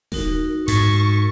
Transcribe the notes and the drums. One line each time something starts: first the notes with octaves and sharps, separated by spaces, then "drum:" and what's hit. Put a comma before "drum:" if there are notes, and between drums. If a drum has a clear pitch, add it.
D#4 F#4 A#4, drum: snare D#1
G#2 C#6, drum: hi-hat